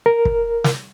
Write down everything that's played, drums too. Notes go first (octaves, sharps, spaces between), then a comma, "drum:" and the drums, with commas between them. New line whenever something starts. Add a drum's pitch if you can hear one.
A#4
drum: kick
drum: snare